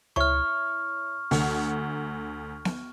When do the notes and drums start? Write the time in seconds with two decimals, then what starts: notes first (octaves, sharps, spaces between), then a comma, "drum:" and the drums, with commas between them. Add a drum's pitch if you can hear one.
0.16 E4 C#5 C#6 F6, drum: tom C#2
1.31 D2, drum: open hi-hat
2.65 drum: snare B3